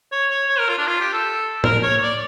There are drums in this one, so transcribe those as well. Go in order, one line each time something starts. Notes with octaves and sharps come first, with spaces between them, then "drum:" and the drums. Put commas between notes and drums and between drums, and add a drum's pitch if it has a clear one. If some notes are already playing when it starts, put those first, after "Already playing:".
C#5
C#5
C#5
A#4
F4
D4
F4
G4
A4
A#4, drum: tom
C#5
D5